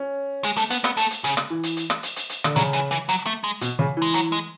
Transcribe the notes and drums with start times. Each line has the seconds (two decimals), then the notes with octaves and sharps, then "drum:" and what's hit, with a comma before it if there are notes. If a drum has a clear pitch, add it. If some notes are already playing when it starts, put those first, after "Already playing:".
Already playing: C#4
0.44 G#3, drum: hi-hat
0.57 A3, drum: hi-hat
0.70 B3, drum: hi-hat
0.84 B3, drum: rim click
0.97 A3, drum: hi-hat
1.11 drum: hi-hat
1.24 C#3, drum: hi-hat
1.37 drum: rim click
1.50 E3
1.63 drum: hi-hat
1.77 drum: hi-hat
1.90 drum: rim click
2.03 drum: hi-hat
2.16 drum: hi-hat
2.29 drum: hi-hat
2.44 D3, drum: rim click
2.56 C#3 F#3, drum: hi-hat
2.73 E3
2.91 E3
3.09 F#3, drum: hi-hat
3.26 A3
3.44 G#3
3.61 B2, drum: hi-hat
3.79 C#3
3.97 E3 G#3
4.14 F#3, drum: hi-hat
4.32 G#3